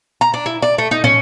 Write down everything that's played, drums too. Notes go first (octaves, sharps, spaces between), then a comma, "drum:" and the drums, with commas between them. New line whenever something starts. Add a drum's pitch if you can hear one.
A#5
D4
E4
D5
A3
D#4
C#4, drum: tom